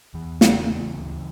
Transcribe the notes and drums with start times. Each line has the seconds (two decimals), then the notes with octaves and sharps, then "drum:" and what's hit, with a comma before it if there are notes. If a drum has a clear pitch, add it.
0.14 E2 E3
0.41 C#3 E3, drum: snare
0.69 C#3
0.96 D2